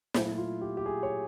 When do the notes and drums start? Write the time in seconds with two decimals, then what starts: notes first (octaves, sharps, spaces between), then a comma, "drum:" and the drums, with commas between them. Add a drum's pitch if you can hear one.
0.14 A#2 F#3 A3 E4, drum: snare
0.38 F4
0.61 G4
0.77 G4
0.86 G#4
1.03 C#5